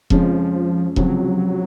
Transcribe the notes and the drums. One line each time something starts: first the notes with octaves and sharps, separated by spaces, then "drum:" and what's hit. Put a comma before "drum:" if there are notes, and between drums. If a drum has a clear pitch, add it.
F2 C#3 F3 G#3 C#4, drum: kick E1
C#2 C3 F3 F#3 C4, drum: kick E1